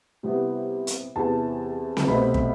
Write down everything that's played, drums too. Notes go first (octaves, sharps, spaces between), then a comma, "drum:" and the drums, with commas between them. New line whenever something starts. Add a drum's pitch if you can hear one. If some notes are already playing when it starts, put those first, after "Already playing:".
C3 G3 B3 E4
drum: hi-hat
E2 C3 E3 A5
drum: snare C4
C2 B2 A3 C4 B5
drum: kick